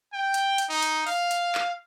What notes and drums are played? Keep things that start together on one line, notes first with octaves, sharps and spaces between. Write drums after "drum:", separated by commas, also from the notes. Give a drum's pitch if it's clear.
G5
drum: hi-hat
drum: hi-hat
D#4
drum: hi-hat
F5, drum: open hi-hat
drum: hi-hat
drum: clap